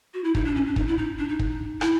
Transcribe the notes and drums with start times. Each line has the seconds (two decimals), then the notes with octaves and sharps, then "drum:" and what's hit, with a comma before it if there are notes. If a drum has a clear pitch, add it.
0.14 F#4
0.24 E4
0.35 D#4, drum: kick
0.45 D4
0.55 C#4
0.67 D4
0.76 D#4, drum: kick
0.87 E4
0.98 D#4
1.19 D4
1.29 D#4
1.39 drum: kick
1.81 E4, drum: rim click